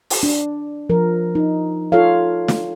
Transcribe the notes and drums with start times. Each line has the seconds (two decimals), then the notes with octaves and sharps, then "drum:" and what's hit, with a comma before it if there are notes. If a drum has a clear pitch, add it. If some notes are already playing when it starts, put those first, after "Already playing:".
0.10 drum: open hi-hat
0.23 D4
0.89 F3 A#4
1.35 D#4
1.92 F4 A4 C#5 F5
2.48 drum: snare